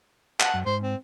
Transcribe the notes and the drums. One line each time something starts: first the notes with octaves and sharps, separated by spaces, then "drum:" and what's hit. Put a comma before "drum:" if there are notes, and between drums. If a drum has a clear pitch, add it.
F#5 A5, drum: clap
F#2
G#2 C5
C4